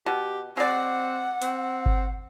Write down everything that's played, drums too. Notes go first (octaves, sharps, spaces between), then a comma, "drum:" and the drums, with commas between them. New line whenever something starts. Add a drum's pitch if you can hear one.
B2 G4
G#3 C4 D5 F#5
C4, drum: hi-hat
drum: kick G1